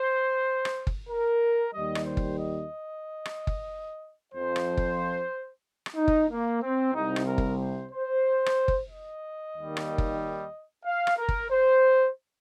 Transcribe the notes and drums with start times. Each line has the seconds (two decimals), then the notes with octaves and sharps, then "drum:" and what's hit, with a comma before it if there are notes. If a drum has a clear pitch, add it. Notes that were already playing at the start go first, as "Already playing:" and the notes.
Already playing: C5
0.65 drum: rim click
0.87 drum: kick
1.09 A#4
1.73 D#2 D#3 G3 D#5
1.95 drum: rim click
2.06 C5
2.17 drum: kick
2.38 D#5
3.25 drum: rim click
3.47 drum: kick
4.34 F2 F3 C5
4.56 drum: rim click
4.77 drum: kick
5.86 drum: rim click
5.96 D#4
6.08 drum: kick
6.30 A#3
6.61 C4
6.94 C2 C3 G3 D#4
7.16 drum: rim click
7.27 A#4
7.38 drum: kick
7.60 C5
7.92 C5
8.46 drum: rim click
8.68 drum: kick
8.90 D#5
9.55 D#2 D#3 G3
9.77 drum: rim click
9.98 drum: kick
10.85 F5
11.07 drum: rim click
11.17 A#4
11.29 drum: kick
11.50 C5